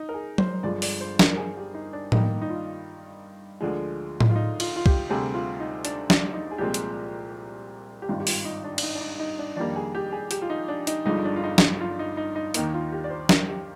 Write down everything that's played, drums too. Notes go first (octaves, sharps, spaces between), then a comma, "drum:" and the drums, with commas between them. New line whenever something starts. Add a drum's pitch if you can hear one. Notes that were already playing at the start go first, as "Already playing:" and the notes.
Already playing: D#4
A#4
G#4
C5, drum: tom F#3
G1 G2 F3 G#3 D5
D5, drum: open hi-hat
C5
A#4, drum: snare
A#4
G#4
G4
D#4
D4
G2 D#3 A#3 D#4, drum: tom A2
D#4
F4
D2 D3 F3 G#3
drum: tom A2
F4
D#4
F4, drum: cymbal
F4
G4, drum: kick C2
D2 C3 G3 C4 G#4
F4
D#4
D4, drum: hi-hat
D4, drum: snare
D#4
G#4
C2 A#2 F3 G#3 C4 G4
drum: hi-hat
G4
G#1 G2 D#3 F4
G4
F4, drum: open hi-hat
D#4
D4
D4, drum: cymbal
D#4
D4
D#4
D#4
D4
F2 D#3 G3 A#3 D4
G#4
G4
G#4
G4, drum: hi-hat
F4
D#4
D4
D#4, drum: hi-hat
G1 G2 F3 G#3 D#4
D4
F4
D#4
drum: snare
F4
D#4
D#4
D#4
D#2 D#3 A#3 D#4, drum: hi-hat
F4
G4
D5
C5
A#4, drum: snare
G4